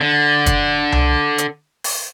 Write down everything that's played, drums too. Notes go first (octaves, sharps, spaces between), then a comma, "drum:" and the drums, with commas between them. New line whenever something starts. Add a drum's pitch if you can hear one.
D3
drum: kick, hi-hat
drum: tom C2
drum: hi-hat
drum: open hi-hat